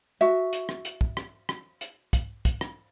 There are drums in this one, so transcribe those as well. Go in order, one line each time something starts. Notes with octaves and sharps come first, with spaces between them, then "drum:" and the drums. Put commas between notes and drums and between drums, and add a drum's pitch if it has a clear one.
F#4 E5
drum: hi-hat
drum: rim click
drum: hi-hat
drum: kick
drum: rim click
drum: rim click
drum: hi-hat
drum: kick, hi-hat
drum: kick, hi-hat
drum: rim click